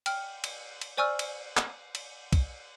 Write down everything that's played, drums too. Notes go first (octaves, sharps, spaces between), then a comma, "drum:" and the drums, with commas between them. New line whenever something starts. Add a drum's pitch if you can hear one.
G5 F6, drum: cymbal
drum: cymbal
drum: cymbal
C5 D5 G#5 C#6 E6 F6
drum: cymbal
drum: clap
drum: cymbal
drum: kick, cymbal